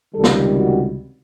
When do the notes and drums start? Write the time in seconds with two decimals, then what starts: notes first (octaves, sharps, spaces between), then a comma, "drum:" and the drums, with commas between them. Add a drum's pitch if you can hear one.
0.14 C#2 C3 D#3 G3 A4
0.24 drum: snare
0.56 F#4